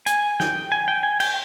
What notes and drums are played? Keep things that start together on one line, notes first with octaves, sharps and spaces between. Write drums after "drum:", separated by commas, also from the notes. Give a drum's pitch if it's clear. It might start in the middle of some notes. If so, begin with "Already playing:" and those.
G#5, drum: hi-hat
G5, drum: snare
G#5
G5
G#5
G5, drum: cymbal